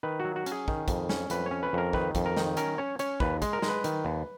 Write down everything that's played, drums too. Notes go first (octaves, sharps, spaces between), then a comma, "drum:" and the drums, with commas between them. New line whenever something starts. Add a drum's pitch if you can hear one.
D#3 B4
F#3 F#4
F#4
C#4, drum: hi-hat
G#4
D#3, drum: kick
F2, drum: kick, hi-hat
C#4, drum: snare
F2 B4, drum: hi-hat
C#5
C#4
B4
F2 A#4
D#3 B4, drum: kick
F2, drum: kick, hi-hat
A#4
D#3, drum: snare
C#4 A#4, drum: hi-hat
C#4 C#5
C#4 C#5, drum: hi-hat
D#2 B4, drum: kick
G#3, drum: kick, hi-hat
A#4
G#3, drum: snare
B4
D#3, drum: hi-hat
D#2